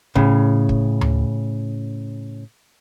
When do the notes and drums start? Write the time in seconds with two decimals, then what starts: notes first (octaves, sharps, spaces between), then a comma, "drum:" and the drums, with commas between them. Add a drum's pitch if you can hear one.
0.15 A2 C#3, drum: kick
0.69 drum: kick
1.01 drum: tom D2